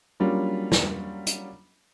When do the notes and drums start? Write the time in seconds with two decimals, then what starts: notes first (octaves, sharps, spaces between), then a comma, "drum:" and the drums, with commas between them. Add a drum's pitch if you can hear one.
0.20 F#3 G3 A#3 C#4 D4 F4
0.72 drum: snare
1.27 drum: hi-hat